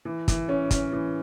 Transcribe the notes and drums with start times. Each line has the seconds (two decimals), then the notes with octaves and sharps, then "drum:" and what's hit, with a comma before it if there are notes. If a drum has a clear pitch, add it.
0.05 E3
0.28 E3, drum: kick, hi-hat
0.49 C#4
0.71 C#4, drum: kick, hi-hat
0.93 E3